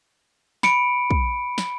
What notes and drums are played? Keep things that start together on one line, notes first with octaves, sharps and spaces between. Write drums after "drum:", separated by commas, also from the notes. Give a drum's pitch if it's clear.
B5 C#7 D7, drum: snare
drum: kick
drum: snare